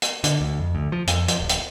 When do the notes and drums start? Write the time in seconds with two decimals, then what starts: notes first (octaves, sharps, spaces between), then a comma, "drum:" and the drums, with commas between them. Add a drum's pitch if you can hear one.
0.02 drum: hi-hat
0.24 D3, drum: hi-hat
0.41 D2
0.60 F2
0.75 D2
0.92 F3
1.07 F2, drum: hi-hat
1.28 F3, drum: hi-hat
1.40 D1
1.49 drum: hi-hat